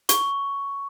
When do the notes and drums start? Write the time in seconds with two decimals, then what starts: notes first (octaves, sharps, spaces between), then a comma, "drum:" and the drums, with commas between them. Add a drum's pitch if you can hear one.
0.09 C#6, drum: hi-hat